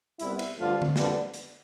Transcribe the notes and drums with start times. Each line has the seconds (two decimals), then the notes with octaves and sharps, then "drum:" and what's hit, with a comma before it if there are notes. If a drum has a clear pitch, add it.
0.19 C2 C3 G3 B3 E4, drum: hi-hat
0.39 drum: cymbal
0.58 G2 D3 F3 A3 F4
0.82 drum: tom D3
0.96 F2 D3 G3 B3, drum: snare
1.34 drum: hi-hat